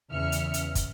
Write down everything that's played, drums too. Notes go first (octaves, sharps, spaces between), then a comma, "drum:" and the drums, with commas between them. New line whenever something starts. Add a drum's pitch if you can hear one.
E2 C#3 E5 F6 C#7
drum: hi-hat
drum: hi-hat
drum: kick, hi-hat